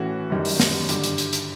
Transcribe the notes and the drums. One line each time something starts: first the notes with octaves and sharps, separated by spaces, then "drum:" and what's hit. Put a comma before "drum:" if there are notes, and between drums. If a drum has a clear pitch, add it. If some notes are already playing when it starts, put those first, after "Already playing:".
Already playing: A2 E3 A3 C#4 F#4
F#2 D#3 G3
drum: open hi-hat
drum: snare
G2 D3 G3, drum: hi-hat
drum: hi-hat
drum: hi-hat
drum: hi-hat